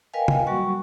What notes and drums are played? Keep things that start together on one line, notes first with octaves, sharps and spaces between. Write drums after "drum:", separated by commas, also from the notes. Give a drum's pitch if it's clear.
A#4 B4 D#5 F5 G5 G#5
drum: tom
F#3 G3 A#3 F#4 F#5 C#6